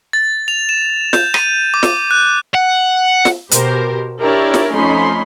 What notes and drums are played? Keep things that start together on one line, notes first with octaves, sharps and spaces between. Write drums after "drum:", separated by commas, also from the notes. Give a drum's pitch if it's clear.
A6
F7
E7
G6, drum: snare
D#7, drum: rim click
D6
drum: snare
F#6
F#5
drum: snare
B2 G4 A#4 C5, drum: hi-hat
D4 E4 G4 A#4 C#5 D5
drum: snare
F2 A3 C#4 D#4 B5 C6